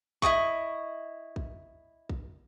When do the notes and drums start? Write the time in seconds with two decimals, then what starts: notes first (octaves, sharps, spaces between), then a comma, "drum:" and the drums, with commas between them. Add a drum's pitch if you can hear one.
0.22 E4 G#4 D#5 C#6, drum: kick
1.36 drum: kick
2.09 drum: kick